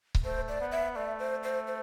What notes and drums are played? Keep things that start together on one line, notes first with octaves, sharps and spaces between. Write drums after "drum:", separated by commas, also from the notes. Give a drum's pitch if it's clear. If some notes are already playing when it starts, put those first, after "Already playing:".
drum: kick C#1
A3 C5
D5
B3
E5
A3 D5
C5
C5
C5